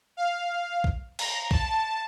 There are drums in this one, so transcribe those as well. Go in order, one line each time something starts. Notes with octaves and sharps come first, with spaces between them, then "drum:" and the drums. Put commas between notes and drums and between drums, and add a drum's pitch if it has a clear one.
F5
drum: kick
A#5, drum: cymbal
A5, drum: kick